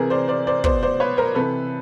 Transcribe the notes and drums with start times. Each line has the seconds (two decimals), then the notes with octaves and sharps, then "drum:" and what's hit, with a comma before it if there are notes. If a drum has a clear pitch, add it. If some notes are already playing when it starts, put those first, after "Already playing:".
Already playing: C3 E3 G#4 A#4
0.10 C5 D5
0.28 C5 D5
0.47 C5 D5
0.64 B2 C5 D5, drum: kick
0.83 C5 D5
1.00 B4 C#5
1.17 A#4 C5
1.35 C3 E3 A4 B4